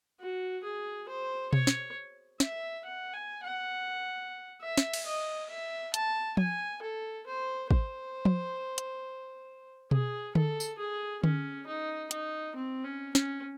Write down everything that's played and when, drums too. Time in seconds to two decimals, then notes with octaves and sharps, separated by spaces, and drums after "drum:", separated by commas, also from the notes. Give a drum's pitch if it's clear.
0.20 F#4
0.64 G#4
1.09 C5
1.53 C#5, drum: tom B2
1.67 drum: snare
2.40 E5, drum: snare
2.85 F#5
3.14 G#5
3.43 F#5
4.61 E5
4.77 drum: snare
4.94 drum: cymbal
5.06 D#5
5.50 E5
5.94 A5, drum: hi-hat
6.37 G#5, drum: tom F3
6.82 A4
7.27 C5
7.71 C5, drum: kick
8.25 drum: tom F3
8.78 drum: hi-hat
9.91 G#4, drum: tom B2
10.35 A4, drum: tom D3
10.60 drum: tambourine
10.78 G#4
11.24 C#4, drum: tom D3
11.67 D#4
12.11 D#4, drum: hi-hat
12.56 C4
12.84 C#4
13.15 C#4, drum: snare